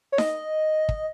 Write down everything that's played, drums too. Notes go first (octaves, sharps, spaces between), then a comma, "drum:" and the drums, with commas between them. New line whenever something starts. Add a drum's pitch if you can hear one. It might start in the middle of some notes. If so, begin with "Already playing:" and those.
C#5
D#5, drum: snare D#4
drum: kick